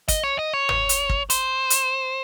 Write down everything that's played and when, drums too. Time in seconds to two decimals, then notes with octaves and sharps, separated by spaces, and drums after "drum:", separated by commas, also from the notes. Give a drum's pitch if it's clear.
0.08 D#5, drum: kick, hi-hat
0.23 C#5
0.39 D#5
0.53 C#5
0.69 drum: tom
0.89 drum: hi-hat
1.09 drum: kick
1.30 C5, drum: hi-hat
1.70 drum: hi-hat